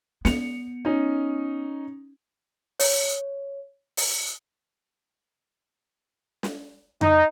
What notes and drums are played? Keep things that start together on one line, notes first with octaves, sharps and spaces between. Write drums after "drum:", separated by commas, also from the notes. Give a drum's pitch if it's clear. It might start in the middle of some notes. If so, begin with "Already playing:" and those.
B3 C#7 F7, drum: snare
C#4 D#4
C#5, drum: open hi-hat
drum: open hi-hat
drum: snare
D#4, drum: tom F2